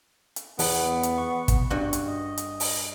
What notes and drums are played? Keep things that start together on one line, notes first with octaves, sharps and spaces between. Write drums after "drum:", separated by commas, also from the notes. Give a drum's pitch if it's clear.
drum: hi-hat
E2 B3, drum: open hi-hat
drum: hi-hat
C#6
drum: kick, hi-hat
G2 F#4
drum: hi-hat
D#5
drum: hi-hat
drum: open hi-hat